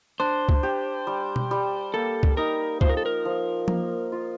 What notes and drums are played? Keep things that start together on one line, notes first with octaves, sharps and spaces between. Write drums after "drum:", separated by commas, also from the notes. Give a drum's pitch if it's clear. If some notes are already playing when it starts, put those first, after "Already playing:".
D4 C5
drum: kick C#2
G4
G3
drum: tom B2
G3
A#3 A4
drum: kick C#2
D#4 A#4
F3 C5, drum: kick C#2
A#4
A4
A#4
F3
A#3, drum: tom F3
F4